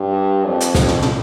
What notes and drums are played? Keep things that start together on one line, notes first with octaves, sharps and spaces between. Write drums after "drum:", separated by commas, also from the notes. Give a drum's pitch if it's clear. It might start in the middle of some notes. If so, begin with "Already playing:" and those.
Already playing: G2
F2
drum: hi-hat
drum: snare
drum: tom
drum: tom